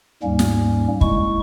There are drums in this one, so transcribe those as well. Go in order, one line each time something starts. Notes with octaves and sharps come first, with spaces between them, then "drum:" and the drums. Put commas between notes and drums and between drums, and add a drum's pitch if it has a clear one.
D#2 G#2 G3 A#3 C#4
drum: snare
G#3 E4 C#6, drum: kick